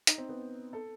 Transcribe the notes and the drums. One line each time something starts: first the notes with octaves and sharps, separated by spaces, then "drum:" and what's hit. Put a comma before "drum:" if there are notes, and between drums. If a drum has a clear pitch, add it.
D#4, drum: hi-hat
C4
B3
A4